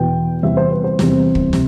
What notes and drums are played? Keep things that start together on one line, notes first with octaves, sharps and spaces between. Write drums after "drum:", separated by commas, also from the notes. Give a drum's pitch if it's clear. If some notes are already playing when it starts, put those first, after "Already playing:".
Already playing: E2 B2 B3 G5
E2 C3 G3 C4 E5
C5
B4
C5
E2 C3 G3 C4, drum: snare
drum: kick
C3, drum: snare